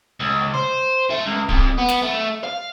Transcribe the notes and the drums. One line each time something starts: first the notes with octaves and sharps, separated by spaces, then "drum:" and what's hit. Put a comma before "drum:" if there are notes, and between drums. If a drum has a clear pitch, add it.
C#2
C5
A3
C#2
F2, drum: kick D1
B3
drum: snare
A3
F5